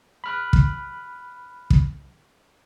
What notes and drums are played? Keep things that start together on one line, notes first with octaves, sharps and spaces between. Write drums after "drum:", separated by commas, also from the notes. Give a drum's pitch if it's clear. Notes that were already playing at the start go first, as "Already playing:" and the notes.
B5 F6 F#6
drum: kick
drum: kick